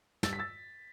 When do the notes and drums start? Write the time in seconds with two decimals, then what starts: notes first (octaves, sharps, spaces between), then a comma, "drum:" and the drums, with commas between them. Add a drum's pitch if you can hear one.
0.23 G2 E6 A6, drum: snare
0.33 B6
0.39 E6 A6